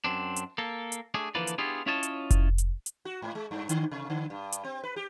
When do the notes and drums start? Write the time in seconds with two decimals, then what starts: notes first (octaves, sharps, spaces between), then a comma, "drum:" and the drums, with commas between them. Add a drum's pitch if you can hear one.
0.04 F#2 C4 D4
0.36 drum: hi-hat
0.58 A#3 A4
0.92 drum: hi-hat
1.14 A3 D4 G#4
1.35 D3 E3 F3 A#3 B4 D5
1.47 drum: hi-hat
1.58 B3 D4 E4 F4 G4 G#4
1.86 C#4 E4 F4 C#5 D#5 A5
2.03 drum: hi-hat
2.31 drum: kick F1, hi-hat
2.58 drum: hi-hat
2.86 drum: hi-hat
3.05 F#4
3.22 G#2
3.35 G#3
3.51 G2
3.69 D3, drum: hi-hat
3.91 C3
4.10 D3
4.30 G2
4.52 drum: hi-hat
4.64 C4
4.84 B4
4.96 G4